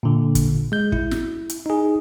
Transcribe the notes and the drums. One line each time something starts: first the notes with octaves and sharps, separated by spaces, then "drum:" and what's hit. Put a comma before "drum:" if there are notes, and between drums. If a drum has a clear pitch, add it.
A#2 D3
drum: kick, hi-hat
G#3 G6
E4, drum: kick
drum: snare
drum: hi-hat
D#4 G#4